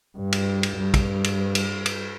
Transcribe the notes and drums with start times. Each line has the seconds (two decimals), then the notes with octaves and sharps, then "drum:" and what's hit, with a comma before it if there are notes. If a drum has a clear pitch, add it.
0.17 G2
0.32 drum: cymbal
0.63 drum: cymbal
0.78 G2
0.94 drum: kick, cymbal
1.24 drum: cymbal
1.55 drum: cymbal
1.86 drum: cymbal